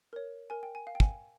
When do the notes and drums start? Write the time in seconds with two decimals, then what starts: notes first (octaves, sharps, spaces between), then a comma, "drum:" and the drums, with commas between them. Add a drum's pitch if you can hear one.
0.13 A#4 C#5
0.50 A#4 G#5
0.63 G5
0.75 G#5
0.87 F5
0.95 G5
1.00 G#5, drum: kick